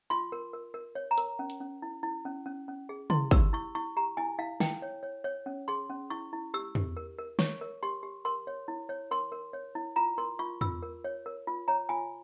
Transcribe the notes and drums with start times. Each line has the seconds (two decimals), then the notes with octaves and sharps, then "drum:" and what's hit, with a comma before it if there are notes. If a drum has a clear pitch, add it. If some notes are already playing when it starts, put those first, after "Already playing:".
0.10 F4 C6
0.32 A#4
0.53 A#4
0.74 A#4
0.95 C#5
1.11 A#5
1.18 A#4, drum: hi-hat
1.39 C#4
1.50 drum: hi-hat
1.60 C#4
1.82 E4
2.03 E4
2.25 C#4
2.46 C#4
2.68 C#4
2.89 G#4
3.10 E4 C6, drum: tom
3.31 G4 E6, drum: kick
3.53 E4 C#6
3.75 E4 C#6
3.97 G4 A#5
4.17 E4 G#5
4.39 E4 F5
4.60 E4 G5, drum: snare
4.82 C#5
5.03 C#5
5.24 C#5
5.46 C#4
5.68 G#4 C6
5.90 C#4
6.10 E4 C#6
6.33 E4
6.54 G4 E6
6.75 G4, drum: tom
6.97 A#4
7.18 A#4
7.39 C#5 C#6, drum: snare
7.61 A#4
7.83 G4 C6
8.03 G4
8.25 A#4 C6
8.47 C#5
8.68 E4
8.89 C#5
9.11 A#4 C6
9.32 A#4
9.53 C#5
9.75 E4
9.96 F4 A#5
10.18 A#4 C6
10.39 F4 C#6
10.61 F4 E6, drum: tom
10.83 A#4
11.04 C#5
11.26 A#4
11.47 F4
11.68 C#5 A#5
11.89 F4 G#5